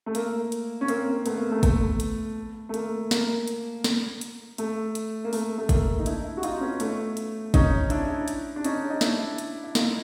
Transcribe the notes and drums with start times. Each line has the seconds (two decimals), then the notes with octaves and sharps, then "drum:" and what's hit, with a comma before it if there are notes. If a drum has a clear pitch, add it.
0.06 A3
0.15 A#3, drum: hi-hat
0.52 drum: hi-hat
0.81 C#4
0.88 A#3 C4, drum: hi-hat
1.26 A3 B3, drum: hi-hat
1.38 A#3
1.50 A3 B3
1.63 A3, drum: kick, hi-hat
2.00 drum: hi-hat
2.69 A3
2.74 A#3, drum: hi-hat
3.11 A#3, drum: snare
3.48 drum: hi-hat
3.84 drum: snare
4.21 drum: hi-hat
4.58 A3, drum: hi-hat
4.95 drum: hi-hat
5.24 A#3
5.33 A3, drum: open hi-hat
5.58 A3
5.69 A#3, drum: kick, hi-hat
5.99 D#4
6.06 D4 E4, drum: hi-hat
6.37 F#4
6.43 D#4 F4, drum: hi-hat
6.61 B3 C#4
6.80 A3, drum: hi-hat
7.17 drum: hi-hat
7.54 C#4 D#4, drum: kick, hi-hat
7.90 D4 E4, drum: hi-hat
8.28 drum: hi-hat
8.56 D4
8.64 C#4 D#4, drum: hi-hat
8.90 D#4
9.01 D4 E4, drum: snare
9.38 drum: hi-hat
9.64 E4
9.75 D#4 F4, drum: snare